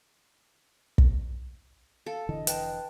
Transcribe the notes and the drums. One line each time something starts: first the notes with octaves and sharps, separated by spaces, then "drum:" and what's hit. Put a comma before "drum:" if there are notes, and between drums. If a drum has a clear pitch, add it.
drum: kick
A4 F5
F1 D3 E3 D#5
B4 G5 A5, drum: hi-hat